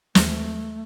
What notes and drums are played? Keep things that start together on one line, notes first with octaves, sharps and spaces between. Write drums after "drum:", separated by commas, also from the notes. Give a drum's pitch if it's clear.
D#2 E3 G#3 A3, drum: snare